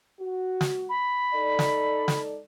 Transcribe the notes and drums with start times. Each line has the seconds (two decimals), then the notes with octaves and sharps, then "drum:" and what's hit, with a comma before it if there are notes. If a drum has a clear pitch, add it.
0.20 F#4
0.61 drum: snare
0.89 B5
1.34 D#4 A4 D5
1.59 drum: snare
2.08 drum: snare